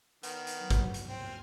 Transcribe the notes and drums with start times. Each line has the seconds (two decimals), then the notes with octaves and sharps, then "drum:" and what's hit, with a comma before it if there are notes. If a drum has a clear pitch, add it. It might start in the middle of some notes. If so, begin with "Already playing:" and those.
0.23 D#3 B3, drum: hi-hat
0.47 drum: hi-hat
0.58 F#3
0.70 drum: kick, hi-hat
0.94 drum: hi-hat
1.09 C4 G#5 C6 F6